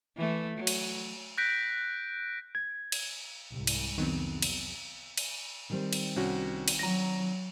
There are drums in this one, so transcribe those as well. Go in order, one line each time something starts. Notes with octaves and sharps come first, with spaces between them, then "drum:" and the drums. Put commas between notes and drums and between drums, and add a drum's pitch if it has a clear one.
E3 A3
F#3
drum: cymbal
F#6 G6 A#6 B6 D7
G#6
drum: cymbal
C2 G#2 C3
drum: cymbal
F2 C3 D#3 F#3 B3 C4
drum: cymbal
drum: cymbal
D#3 G3 C4
drum: cymbal
C2 C#4 F#4
drum: cymbal
F#3 A#5 A#6